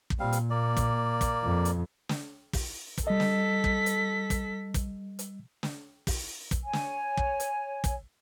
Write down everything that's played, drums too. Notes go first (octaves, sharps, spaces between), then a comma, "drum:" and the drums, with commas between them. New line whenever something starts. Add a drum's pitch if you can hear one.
drum: kick
A#2 G3 C4 F5
drum: hi-hat
A#3 D5
drum: kick, hi-hat
drum: kick, hi-hat
F2
drum: hi-hat
drum: snare
drum: kick, open hi-hat
drum: kick, hi-hat
G3 A4 D#5 B6
drum: snare
drum: kick
drum: hi-hat
drum: kick, hi-hat
drum: kick, hi-hat
drum: hi-hat
drum: snare
drum: kick, open hi-hat
drum: kick, hi-hat
C#5 G#5
drum: snare
drum: kick
drum: hi-hat
drum: kick, hi-hat